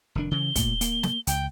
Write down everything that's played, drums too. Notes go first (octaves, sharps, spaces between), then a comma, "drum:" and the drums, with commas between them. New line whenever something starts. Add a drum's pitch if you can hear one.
F1 D#3 D4
C#3 E3 G7
A#2 A3, drum: kick, hi-hat
A#3, drum: hi-hat
drum: snare
C#2 G5, drum: hi-hat